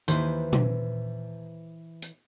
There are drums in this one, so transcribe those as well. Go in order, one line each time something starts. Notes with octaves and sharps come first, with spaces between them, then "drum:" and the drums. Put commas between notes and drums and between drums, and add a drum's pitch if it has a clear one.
D#2 E3 B4 C5, drum: hi-hat
drum: tom A#2
drum: hi-hat